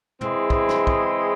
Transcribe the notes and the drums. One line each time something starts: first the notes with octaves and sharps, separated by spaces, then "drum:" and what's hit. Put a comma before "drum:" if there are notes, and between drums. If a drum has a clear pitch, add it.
E3 G#3 C4 E4 G#4, drum: tom
drum: kick
drum: snare
drum: kick